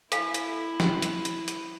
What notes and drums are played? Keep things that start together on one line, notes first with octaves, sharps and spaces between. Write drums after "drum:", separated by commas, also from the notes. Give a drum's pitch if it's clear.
E4 A4 F5 G#5, drum: hi-hat
drum: hi-hat
drum: snare
drum: hi-hat
drum: hi-hat
drum: hi-hat